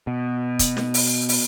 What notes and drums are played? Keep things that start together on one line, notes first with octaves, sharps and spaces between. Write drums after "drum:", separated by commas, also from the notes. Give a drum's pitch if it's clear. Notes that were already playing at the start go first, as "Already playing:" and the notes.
B2
drum: kick, hi-hat
drum: snare
drum: open hi-hat
drum: open hi-hat